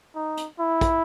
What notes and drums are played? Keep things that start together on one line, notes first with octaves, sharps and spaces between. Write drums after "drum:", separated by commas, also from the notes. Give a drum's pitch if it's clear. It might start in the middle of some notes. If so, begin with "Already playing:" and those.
D#4
drum: hi-hat
E4
drum: kick, hi-hat